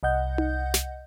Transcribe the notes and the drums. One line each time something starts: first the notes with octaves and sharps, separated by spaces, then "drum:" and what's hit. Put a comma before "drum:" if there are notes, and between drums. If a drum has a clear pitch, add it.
C2 D#5 F#5 G6
drum: tom D#4
drum: snare